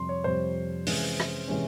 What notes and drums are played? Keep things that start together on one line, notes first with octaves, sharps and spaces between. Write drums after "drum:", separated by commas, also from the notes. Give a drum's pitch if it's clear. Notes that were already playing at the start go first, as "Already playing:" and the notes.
Already playing: F2 C3 G3 C6
C#5
F2 C3 G3 C5
C3 E3 G#3 C#4, drum: open hi-hat
drum: rim click
C3 E3 G#3 C#4